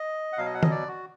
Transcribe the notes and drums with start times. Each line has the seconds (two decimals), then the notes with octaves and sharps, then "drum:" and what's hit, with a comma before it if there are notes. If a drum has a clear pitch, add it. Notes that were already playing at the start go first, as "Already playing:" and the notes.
Already playing: D#5
0.33 F#5
0.37 B2 F#3 F5
0.46 D#5
0.54 F#5
0.63 D#5, drum: tom D#3
0.71 D5
0.88 F#4